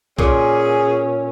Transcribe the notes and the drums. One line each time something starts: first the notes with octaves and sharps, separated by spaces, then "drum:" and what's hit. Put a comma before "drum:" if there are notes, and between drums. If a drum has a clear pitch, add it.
A#2 C#4 G#4, drum: kick B1